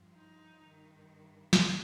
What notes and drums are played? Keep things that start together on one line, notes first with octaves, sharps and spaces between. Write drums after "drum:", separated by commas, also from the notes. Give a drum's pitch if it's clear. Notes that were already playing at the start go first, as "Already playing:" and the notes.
Already playing: G2 F3
D#4
G2 D#3
drum: snare